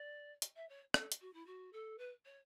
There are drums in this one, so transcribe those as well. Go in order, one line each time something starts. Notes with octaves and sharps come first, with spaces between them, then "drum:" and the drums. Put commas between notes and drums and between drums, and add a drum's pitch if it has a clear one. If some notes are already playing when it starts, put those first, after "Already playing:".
Already playing: D5
drum: hi-hat
E5
C#5
A4, drum: rim click
drum: hi-hat
F#4
E4
F#4
A4
B4
C#5